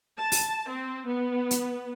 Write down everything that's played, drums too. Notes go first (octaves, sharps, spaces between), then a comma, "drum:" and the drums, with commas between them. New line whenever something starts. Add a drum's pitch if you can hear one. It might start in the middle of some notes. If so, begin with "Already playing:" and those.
A5
drum: open hi-hat
C4
B3
drum: hi-hat